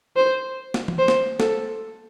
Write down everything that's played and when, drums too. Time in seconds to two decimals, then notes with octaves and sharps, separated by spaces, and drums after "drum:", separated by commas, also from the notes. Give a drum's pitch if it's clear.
0.17 C5
0.74 drum: snare
0.88 drum: tom E3
0.99 C5
1.08 drum: snare
1.40 A4, drum: snare